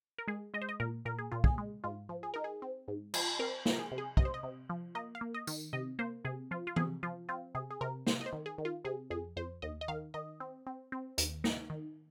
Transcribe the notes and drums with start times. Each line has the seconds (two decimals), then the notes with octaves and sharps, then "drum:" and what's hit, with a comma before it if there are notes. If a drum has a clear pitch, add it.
0.18 A#4
0.28 G#3 G#4
0.54 G#3 D#5
0.62 C5
0.69 D#5
0.80 A#2 A#4
1.05 A#2 A#4
1.19 G#4
1.32 A#2 F4
1.44 G#4, drum: kick
1.58 G#3
1.84 G#2 F4
2.09 F3
2.23 G#4
2.34 D#4 A#4
2.44 G#4
2.62 C4
2.88 G#2
3.14 F3, drum: cymbal
3.39 C4 A#4
3.66 F3, drum: snare
3.73 A#4
3.79 G#4
3.91 C3
3.98 G#4
4.17 C3 D#5, drum: kick
4.25 C5
4.34 D#5
4.43 C3
4.70 F3
4.95 A#3 D#5
5.15 F5
5.21 A#3
5.34 D#5
5.47 D#3, drum: tambourine
5.73 C3 D#5
5.99 A#3 C5
6.25 C3 G#4
6.51 F3 F4
6.67 F4
6.76 C3 G#4, drum: tom E3
7.03 F3 F4
7.29 C4 F4
7.55 C3 G#4
7.71 G#4
7.81 C3 A#4
8.07 C3 C5, drum: snare
8.21 D#5
8.26 C5
8.33 D#3
8.46 G#4
8.58 D#3
8.65 F4
8.85 C3 G#4
9.10 F2 G#4
9.37 F2 C5
9.62 D#2 D#5
9.81 D#5
9.88 D#3 F5
10.14 D#3 D#5
10.40 C4
10.67 C4
10.92 C4
11.18 D#2, drum: hi-hat
11.44 D#4, drum: snare
11.70 D#3